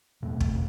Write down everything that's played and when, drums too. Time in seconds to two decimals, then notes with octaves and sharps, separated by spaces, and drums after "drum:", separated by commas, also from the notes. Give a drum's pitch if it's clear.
0.22 E2 B2 A3
0.40 drum: kick